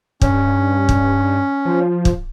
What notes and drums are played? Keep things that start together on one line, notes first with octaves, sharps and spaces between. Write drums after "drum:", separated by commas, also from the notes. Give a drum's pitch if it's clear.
G2 C#4, drum: kick
drum: kick
F3
drum: kick